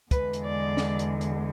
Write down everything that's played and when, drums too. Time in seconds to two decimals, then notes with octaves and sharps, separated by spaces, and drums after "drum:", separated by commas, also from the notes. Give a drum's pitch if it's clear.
0.11 E2 D3 G#3 B4, drum: kick, hi-hat
0.33 drum: hi-hat
0.44 D5
0.77 drum: snare
0.99 drum: hi-hat
1.21 drum: hi-hat